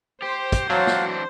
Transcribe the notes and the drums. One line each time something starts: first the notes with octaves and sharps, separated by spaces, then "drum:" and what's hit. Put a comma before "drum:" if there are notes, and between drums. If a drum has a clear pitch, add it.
G4 C5
drum: kick, hi-hat
E3 F#3 C4 D4 F5 F#5 A5
drum: snare